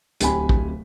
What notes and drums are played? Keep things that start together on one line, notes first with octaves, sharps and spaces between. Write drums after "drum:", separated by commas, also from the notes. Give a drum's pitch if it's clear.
D1 C4 G4 G#5 B5, drum: hi-hat
drum: kick A#1